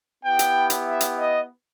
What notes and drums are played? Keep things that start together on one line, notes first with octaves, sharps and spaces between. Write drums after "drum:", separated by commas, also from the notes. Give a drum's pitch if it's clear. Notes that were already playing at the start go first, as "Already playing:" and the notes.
B3 E4 G4 G5
drum: hi-hat
drum: hi-hat
E5
drum: hi-hat
D#5